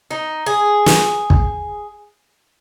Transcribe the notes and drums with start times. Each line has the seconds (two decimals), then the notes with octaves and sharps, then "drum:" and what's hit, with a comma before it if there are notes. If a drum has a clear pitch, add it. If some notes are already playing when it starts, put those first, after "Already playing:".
0.11 D#4
0.46 G#4
0.86 drum: snare
1.30 drum: kick